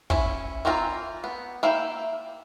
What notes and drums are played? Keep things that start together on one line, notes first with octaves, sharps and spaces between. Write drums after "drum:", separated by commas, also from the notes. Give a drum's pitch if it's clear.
C#4 E4, drum: kick
E3 C4 F4 A#4 A#5
B3
A#3 E4 F5 G5